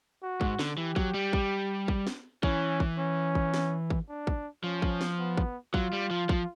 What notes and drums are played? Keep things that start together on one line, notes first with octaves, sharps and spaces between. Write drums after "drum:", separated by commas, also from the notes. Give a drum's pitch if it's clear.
F#4
G#2, drum: kick
D3, drum: snare
E3 G4
F#3, drum: kick
G3
drum: kick
drum: kick
drum: snare
E3 C#4, drum: kick
drum: kick
C#4
drum: kick
drum: snare
drum: kick
D4
drum: kick
F3 C#4
drum: kick
drum: snare
B3
drum: kick
F#3 F4, drum: kick
G3
F3
F3, drum: kick